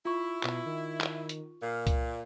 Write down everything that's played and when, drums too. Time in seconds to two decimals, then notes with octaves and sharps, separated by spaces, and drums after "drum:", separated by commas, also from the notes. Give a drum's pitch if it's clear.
0.05 E4 F4 C#6
0.43 B2, drum: clap
0.66 D#3
1.01 drum: clap
1.29 drum: hi-hat
1.62 A#2 F5
1.87 drum: kick C2, hi-hat